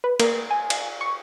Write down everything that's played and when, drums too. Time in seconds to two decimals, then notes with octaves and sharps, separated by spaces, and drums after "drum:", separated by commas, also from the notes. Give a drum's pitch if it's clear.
0.04 B4
0.20 A#3, drum: cymbal
0.51 G#5
0.70 drum: cymbal
1.01 C#6